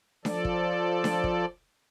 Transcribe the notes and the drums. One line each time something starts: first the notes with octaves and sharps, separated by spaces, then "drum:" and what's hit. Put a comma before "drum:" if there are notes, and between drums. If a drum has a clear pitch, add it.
F3 A4 D5, drum: snare D4
drum: kick
drum: snare D4
drum: kick